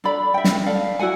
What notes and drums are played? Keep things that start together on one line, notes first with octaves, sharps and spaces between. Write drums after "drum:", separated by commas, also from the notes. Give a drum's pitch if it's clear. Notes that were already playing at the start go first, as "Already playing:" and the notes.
D4 A4 D5 B5
E5 G5
drum: snare
A4 D5 F5
E4 F#4 F#5 G#5